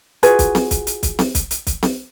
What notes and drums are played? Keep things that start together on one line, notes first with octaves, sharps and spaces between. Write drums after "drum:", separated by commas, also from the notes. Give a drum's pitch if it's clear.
F4 F#4 G#4 B4, drum: hi-hat
drum: kick B1, hi-hat
drum: snare C4
drum: kick B1, hi-hat
drum: hi-hat
drum: kick B1, hi-hat
drum: snare C4
drum: kick B1, hi-hat
drum: hi-hat
drum: kick B1, hi-hat
drum: snare C4